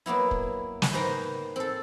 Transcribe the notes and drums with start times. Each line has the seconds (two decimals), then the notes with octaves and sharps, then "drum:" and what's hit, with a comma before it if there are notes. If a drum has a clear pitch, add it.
0.06 F#3 A#3 B3 E4
0.31 drum: kick
0.82 drum: snare
0.93 G#2 D#3 B4 C5 G5 A#5
1.56 C4 A4